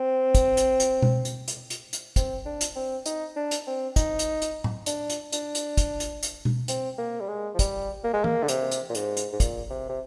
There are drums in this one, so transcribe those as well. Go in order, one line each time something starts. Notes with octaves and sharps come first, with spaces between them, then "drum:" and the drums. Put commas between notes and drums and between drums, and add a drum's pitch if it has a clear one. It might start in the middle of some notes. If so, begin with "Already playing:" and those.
Already playing: C4
drum: kick, hi-hat
drum: hi-hat
drum: hi-hat
drum: tom B2
drum: hi-hat
drum: hi-hat
drum: hi-hat
drum: hi-hat
C4, drum: kick, hi-hat
D4
drum: hi-hat
C4
D#4, drum: hi-hat
D4
drum: hi-hat
C4
D#4, drum: kick, hi-hat
drum: hi-hat
drum: hi-hat
drum: tom A2
D4, drum: hi-hat
drum: hi-hat
D4, drum: hi-hat
drum: hi-hat
drum: kick, hi-hat
drum: hi-hat
drum: hi-hat
drum: tom B2
C4, drum: hi-hat
A#3
G3
G#3
F3
G3, drum: kick, hi-hat
A#3
G#3
A#3, drum: tom E3
D3
C3, drum: hi-hat
drum: hi-hat
A#2
G#2, drum: hi-hat
drum: hi-hat
G#2
A#2, drum: kick, hi-hat
C3
C3